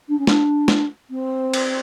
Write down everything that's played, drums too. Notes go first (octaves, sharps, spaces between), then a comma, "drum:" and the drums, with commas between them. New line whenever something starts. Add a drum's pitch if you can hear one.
D4
C#4
D4, drum: snare
drum: snare
C4
drum: cymbal